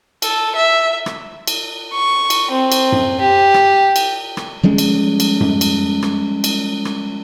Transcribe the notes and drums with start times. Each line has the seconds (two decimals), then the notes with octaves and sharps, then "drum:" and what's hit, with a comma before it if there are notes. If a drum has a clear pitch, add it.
0.22 A4, drum: cymbal
0.56 E5
1.06 drum: rim click
1.47 drum: cymbal
1.93 C#6
2.30 drum: cymbal
2.51 C4
2.72 drum: cymbal
2.92 drum: tom F#2
3.21 G4
3.54 drum: rim click
3.96 drum: cymbal
4.37 drum: rim click
4.63 F3 G3 G#3 C#4
4.78 drum: cymbal
5.20 drum: cymbal
5.40 drum: tom F#2
5.61 drum: cymbal
6.02 drum: rim click
6.44 drum: cymbal
6.85 drum: rim click